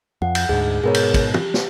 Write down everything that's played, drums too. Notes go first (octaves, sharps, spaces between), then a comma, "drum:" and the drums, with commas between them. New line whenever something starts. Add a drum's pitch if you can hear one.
F2 F#5
drum: cymbal
D2 G#2 G#4
G#2 B2 G#4 A#4 C#5
drum: cymbal
drum: kick, cymbal
G4, drum: tom
drum: snare